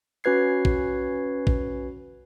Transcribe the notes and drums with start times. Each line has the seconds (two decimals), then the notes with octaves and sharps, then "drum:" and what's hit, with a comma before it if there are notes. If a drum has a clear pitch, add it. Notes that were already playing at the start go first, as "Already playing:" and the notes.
0.24 C#4 F#4 B4 G#6 C7
0.65 drum: kick
1.47 drum: kick